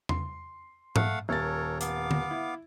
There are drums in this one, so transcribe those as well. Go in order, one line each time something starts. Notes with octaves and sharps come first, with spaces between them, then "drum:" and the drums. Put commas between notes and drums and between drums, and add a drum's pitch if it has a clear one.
C6, drum: tom E2
A3 F5 F#5, drum: tom G#2
D#1 A4 A#4 C#5 A6
B3 F5 D6, drum: hi-hat
drum: tom
E4